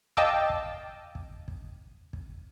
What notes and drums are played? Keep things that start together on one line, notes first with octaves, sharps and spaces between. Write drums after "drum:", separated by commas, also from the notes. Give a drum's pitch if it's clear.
D#5 F5 G5 A5 D6 E6, drum: kick
drum: kick
drum: kick
drum: kick
drum: kick